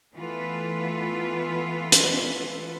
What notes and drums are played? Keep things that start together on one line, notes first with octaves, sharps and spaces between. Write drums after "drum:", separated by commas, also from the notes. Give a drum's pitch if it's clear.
E3 A3 B3 F4 A4 B4
drum: hi-hat